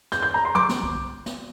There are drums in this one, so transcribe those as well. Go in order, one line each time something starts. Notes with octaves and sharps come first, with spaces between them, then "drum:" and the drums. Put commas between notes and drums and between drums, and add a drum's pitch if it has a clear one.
G6, drum: snare
G6
A#5
C6
D6, drum: tom
drum: snare
drum: kick C2
drum: snare